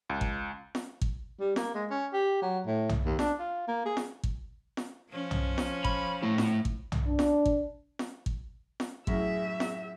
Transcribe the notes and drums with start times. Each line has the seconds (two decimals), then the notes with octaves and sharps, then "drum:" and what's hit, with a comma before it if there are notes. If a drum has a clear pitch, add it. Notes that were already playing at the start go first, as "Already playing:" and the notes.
0.09 C#2
0.21 drum: kick
0.75 drum: snare
1.01 drum: kick
1.40 G3
1.56 A#3, drum: snare
1.75 G#3
1.90 C#4
2.13 G4
2.42 F#3
2.66 A2
2.89 drum: tom B1
3.05 D#2
3.19 D4, drum: snare
3.39 F4
3.68 A#3
3.85 G#4
3.97 drum: snare
4.24 drum: kick
4.77 drum: snare
5.10 F3 C#4
5.31 drum: tom B1
5.58 drum: snare
5.85 B5, drum: kick
6.22 A3 E4
6.38 drum: snare
6.65 drum: kick
6.92 drum: tom B1
7.07 D4
7.19 drum: snare
7.46 drum: kick
7.99 drum: snare
8.26 drum: kick
8.80 drum: snare
9.07 F#2 A2 G#4 E5, drum: kick
9.60 G#4, drum: snare